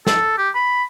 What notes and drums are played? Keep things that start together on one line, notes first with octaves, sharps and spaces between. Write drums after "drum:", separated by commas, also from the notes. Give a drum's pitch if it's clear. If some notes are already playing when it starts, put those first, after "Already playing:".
A4, drum: snare
G4
B5